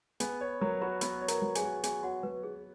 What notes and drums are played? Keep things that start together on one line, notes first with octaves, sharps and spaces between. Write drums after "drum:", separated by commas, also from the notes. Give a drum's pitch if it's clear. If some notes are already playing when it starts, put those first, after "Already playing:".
B3 G#4 G#5, drum: hi-hat
B4 C#5 B5
F#3 A#4 A#5
F#4 B4 B5
B3 B4 B5, drum: hi-hat
C#5
A#4 A#5, drum: hi-hat
F#3
G#4 G#5, drum: hi-hat
F#4
B3 G#4 G#5, drum: hi-hat
F#4 C#5 F#5
F#3 B4
F#4 G#4